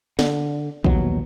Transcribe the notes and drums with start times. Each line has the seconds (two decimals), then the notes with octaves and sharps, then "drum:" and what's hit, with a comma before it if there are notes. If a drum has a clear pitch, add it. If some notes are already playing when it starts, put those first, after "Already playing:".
0.19 D3, drum: snare
0.84 A#1 D#2 B2 F#3, drum: kick